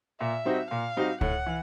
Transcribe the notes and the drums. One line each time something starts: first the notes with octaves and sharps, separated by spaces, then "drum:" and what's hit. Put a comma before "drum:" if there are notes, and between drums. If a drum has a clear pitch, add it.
A#2 E5
G3 C4 D#4 F#4
A#2 F5
G3 C4 D#4 F#4
A2 F#5, drum: kick C#2
E3